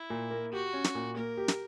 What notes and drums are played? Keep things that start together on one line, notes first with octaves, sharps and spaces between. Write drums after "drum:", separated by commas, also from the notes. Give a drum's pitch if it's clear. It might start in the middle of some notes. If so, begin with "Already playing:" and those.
Already playing: E4
A#2
A#3
F#4 G4
C#4
drum: snare
A#2
A#3 A#4
G4
drum: snare